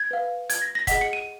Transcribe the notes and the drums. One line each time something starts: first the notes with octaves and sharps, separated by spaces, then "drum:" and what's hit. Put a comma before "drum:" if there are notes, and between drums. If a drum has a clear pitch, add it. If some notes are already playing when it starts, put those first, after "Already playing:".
Already playing: G#6
B4 F5
G#6, drum: hi-hat
A#6
A#6
G#4 D#5 F#5 B6, drum: kick, hi-hat
C#7
D#7